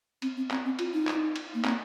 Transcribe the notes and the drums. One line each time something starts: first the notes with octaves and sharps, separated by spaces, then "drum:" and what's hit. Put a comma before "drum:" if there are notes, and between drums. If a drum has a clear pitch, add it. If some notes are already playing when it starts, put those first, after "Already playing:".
C4, drum: cymbal
C4
C4, drum: clap
C4
F4, drum: cymbal
D#4
drum: clap
drum: cymbal
A#3
C4, drum: clap